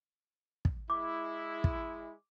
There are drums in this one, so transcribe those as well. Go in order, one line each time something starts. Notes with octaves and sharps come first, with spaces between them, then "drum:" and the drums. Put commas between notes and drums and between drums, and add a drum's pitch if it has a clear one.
drum: kick
G#3 E4 D6
drum: kick